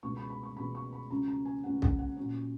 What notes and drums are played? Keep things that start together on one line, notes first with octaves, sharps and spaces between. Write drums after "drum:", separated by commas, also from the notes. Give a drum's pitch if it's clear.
C#2 B2 G#3 C#6
B5
B5
C#6
C#2 B2 G#3 B5
C#6
B5
C#2 C#3 F#3 C#4 A#5
A#5
G#5
C#2 C#3 F#3 C#4 F#5
F#5, drum: kick
F#5
A#2 F#3 C#4